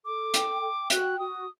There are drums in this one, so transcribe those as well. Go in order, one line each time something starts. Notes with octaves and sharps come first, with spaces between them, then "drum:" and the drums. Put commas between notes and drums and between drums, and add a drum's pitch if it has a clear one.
A4 D6
G5, drum: hi-hat
G5
F#4 F#6, drum: hi-hat
F#4 D#6